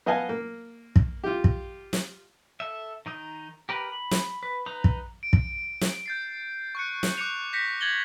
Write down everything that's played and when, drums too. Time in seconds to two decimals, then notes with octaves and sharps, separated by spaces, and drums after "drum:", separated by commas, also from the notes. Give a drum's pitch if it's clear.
0.06 B3 D#5 F5 G#5 A5
0.29 A#3
0.96 drum: kick
1.24 F4 G4
1.44 drum: kick
1.93 drum: snare
2.60 A4 E5
3.06 D#3 D#4 D#6
3.69 G4 A#4 B4
3.92 B5
4.11 drum: snare
4.43 B4
4.66 D#4 B4 A#5 D#6
4.84 drum: kick
5.23 D7
5.33 drum: kick
5.81 drum: snare
6.06 G6 A6 C7
6.75 C#6 F#6 C#7
7.03 drum: snare
7.18 D6 F#6 C#7 F7
7.53 G6 A#6 B6 C#7
7.81 G#6 A6 F#7 G7